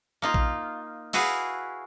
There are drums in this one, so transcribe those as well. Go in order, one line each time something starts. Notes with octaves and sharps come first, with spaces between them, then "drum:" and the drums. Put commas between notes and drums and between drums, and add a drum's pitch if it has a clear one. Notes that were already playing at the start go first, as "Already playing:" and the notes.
A#3 D#4 F4
drum: kick A#1
E4 F#4 G#4 B4 F5, drum: open hi-hat